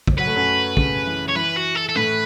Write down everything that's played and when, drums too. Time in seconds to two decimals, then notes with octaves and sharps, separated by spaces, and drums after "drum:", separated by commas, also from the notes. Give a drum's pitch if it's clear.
0.07 drum: kick
0.18 F#3 B4
0.27 A3
0.36 F#2 F#3
0.77 C#3, drum: kick
1.07 E3
1.29 C#5
1.36 E3 B4
1.57 F#4
1.76 A4
1.89 A4
1.96 A2 A3 B4